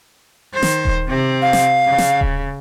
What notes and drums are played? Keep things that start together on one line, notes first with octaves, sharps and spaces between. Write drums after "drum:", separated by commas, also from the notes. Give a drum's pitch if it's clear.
D#3 C5
drum: snare
drum: kick D#1
C3 C4
F5
drum: snare
C#3
drum: snare
drum: kick D#1